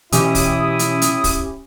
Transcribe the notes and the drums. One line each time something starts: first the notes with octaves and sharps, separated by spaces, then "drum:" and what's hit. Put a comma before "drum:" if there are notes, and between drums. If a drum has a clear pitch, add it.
B2 E3 C#4 E4 G4 D#6, drum: hi-hat
drum: kick, open hi-hat
drum: hi-hat
drum: hi-hat
drum: kick, open hi-hat